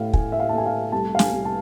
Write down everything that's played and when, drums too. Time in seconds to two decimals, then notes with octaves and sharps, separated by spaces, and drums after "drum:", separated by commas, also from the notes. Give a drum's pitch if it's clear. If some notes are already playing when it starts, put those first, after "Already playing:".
Already playing: A2 A3 F5
0.13 A2 G#5, drum: kick
0.32 E5
0.39 F5
0.49 A5
0.53 A3
0.58 G#5
0.66 F5
0.92 C2 A5
1.15 F5
1.19 G#5, drum: snare
1.32 C2
1.45 A5